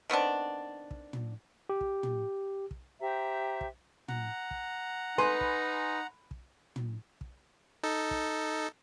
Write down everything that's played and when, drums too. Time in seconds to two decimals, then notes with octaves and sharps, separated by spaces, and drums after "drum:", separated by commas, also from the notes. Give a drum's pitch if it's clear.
0.10 D#3 B3 C4 D4
0.91 drum: kick
1.13 drum: tom
1.69 G4
1.81 drum: kick
2.03 drum: tom
2.71 drum: kick
3.00 G4 C5 E5 A#5
3.61 drum: kick
4.08 F#5 A#5, drum: tom
4.51 drum: kick
5.18 D#4 B4 G#5 C6
5.41 drum: kick
6.31 drum: kick
6.76 drum: tom
7.21 drum: kick
7.83 D#4 A4
8.11 drum: kick